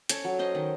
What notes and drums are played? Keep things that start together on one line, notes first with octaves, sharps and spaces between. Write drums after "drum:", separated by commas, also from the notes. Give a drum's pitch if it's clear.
C#4 A4 C#5, drum: hi-hat
F#3
C#4 C5 D#5
D#3